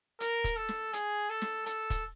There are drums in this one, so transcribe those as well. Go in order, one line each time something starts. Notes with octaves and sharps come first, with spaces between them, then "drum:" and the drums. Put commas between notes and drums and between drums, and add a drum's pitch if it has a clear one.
A#4, drum: hi-hat
drum: kick, hi-hat
A4
drum: snare
G#4, drum: hi-hat
A4
drum: snare
A4, drum: hi-hat
drum: kick, hi-hat